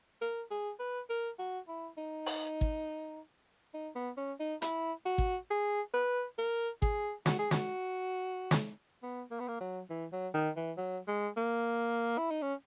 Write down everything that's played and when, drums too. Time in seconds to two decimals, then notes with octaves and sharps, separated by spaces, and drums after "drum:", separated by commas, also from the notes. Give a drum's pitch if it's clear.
0.22 A#4
0.51 G#4
0.80 B4
1.10 A#4
1.39 F#4
1.68 E4
1.98 D#4
2.26 drum: open hi-hat
2.61 drum: kick
3.74 D#4
3.95 B3
4.17 C#4
4.40 D#4
4.62 E4, drum: hi-hat
5.06 F#4
5.18 drum: kick
5.51 G#4
5.94 B4
6.39 A#4
6.82 G#4, drum: kick
7.26 F#4, drum: snare
7.39 G#4
7.51 F#4, drum: snare
8.51 drum: snare
9.03 B3
9.31 A#3
9.40 B3
9.48 A#3
9.61 F#3
9.90 E3
10.13 F#3
10.34 D#3
10.57 E3
10.78 F#3
11.08 G#3
11.37 A#3
12.18 E4
12.31 D#4
12.42 C#4